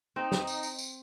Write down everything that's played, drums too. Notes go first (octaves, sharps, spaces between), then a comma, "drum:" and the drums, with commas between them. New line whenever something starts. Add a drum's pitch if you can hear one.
C4 D#4
drum: snare
drum: tambourine
drum: tambourine
drum: tambourine